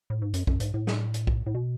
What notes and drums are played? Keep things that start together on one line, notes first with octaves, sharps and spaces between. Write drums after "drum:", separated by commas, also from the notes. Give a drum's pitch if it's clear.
A2
G#2
F#2, drum: hi-hat
F#2, drum: kick B1
G#2, drum: hi-hat
A2
drum: snare
drum: hi-hat
drum: kick B1
A2
B2